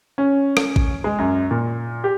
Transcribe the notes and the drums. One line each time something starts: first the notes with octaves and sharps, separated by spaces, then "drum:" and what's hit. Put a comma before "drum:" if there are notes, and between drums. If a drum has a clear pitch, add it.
C#4
drum: rim click
drum: kick A1
G#3
F#2
A#2
G4